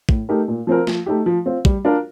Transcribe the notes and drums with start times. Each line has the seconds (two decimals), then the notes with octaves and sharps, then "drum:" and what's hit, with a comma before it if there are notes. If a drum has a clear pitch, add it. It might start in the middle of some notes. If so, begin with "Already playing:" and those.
0.09 A2, drum: kick
0.29 A3 D#4 G4 A#4
0.48 A#2
0.67 F3 C4 F4 A#4
0.87 F3, drum: snare
1.06 A3 D#4 G4
1.26 F3
1.46 C4 F4
1.65 G3, drum: kick
1.85 D4 F4 A#4